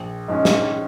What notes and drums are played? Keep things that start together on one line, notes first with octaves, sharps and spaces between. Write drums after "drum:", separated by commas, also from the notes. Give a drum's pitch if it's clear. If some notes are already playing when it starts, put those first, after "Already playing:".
Already playing: A#1
G#2 F3 G#3 C#4
drum: snare